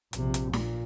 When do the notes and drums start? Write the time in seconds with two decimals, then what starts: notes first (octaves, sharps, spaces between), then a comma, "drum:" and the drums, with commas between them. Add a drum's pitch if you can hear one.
0.13 A#1 C3, drum: hi-hat
0.34 drum: hi-hat
0.53 A#2, drum: snare